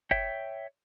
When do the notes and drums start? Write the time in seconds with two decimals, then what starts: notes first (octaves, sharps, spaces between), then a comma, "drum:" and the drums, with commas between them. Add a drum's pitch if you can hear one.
0.11 C#5 E5 G5, drum: kick F#1